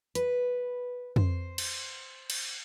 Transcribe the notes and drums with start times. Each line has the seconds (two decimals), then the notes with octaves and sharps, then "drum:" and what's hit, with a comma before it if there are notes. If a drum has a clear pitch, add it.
0.15 B4, drum: hi-hat
1.16 C5, drum: tom F2
1.58 drum: cymbal
2.30 drum: cymbal